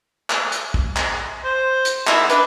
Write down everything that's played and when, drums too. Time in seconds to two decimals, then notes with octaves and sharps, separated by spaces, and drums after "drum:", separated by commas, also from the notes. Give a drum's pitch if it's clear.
0.30 drum: clap
0.52 drum: hi-hat
0.74 drum: kick
0.96 drum: clap
1.45 C5
1.85 drum: hi-hat
2.07 D#3 E4 E5, drum: clap
2.30 D4 B4, drum: hi-hat